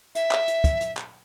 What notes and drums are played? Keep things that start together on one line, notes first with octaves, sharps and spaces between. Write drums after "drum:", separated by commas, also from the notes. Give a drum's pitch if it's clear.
E5, drum: hi-hat
drum: clap
drum: hi-hat
drum: kick, hi-hat
drum: hi-hat
drum: clap